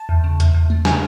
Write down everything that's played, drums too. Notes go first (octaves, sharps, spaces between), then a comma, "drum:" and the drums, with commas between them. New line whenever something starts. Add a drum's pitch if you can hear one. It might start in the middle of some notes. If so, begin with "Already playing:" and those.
Already playing: A5
E2
C#3
E2, drum: hi-hat
E2
A3
C#3 G#5, drum: snare